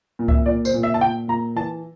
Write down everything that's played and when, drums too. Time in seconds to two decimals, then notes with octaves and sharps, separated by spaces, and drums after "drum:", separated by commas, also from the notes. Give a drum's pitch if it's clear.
0.19 A#2
0.28 E5, drum: kick C#2
0.46 A#2 D5
0.65 C5, drum: tambourine
0.74 A#2
0.83 E5
0.94 A5
1.01 A#2 G5
1.28 A#2 A#5
1.56 E3 A5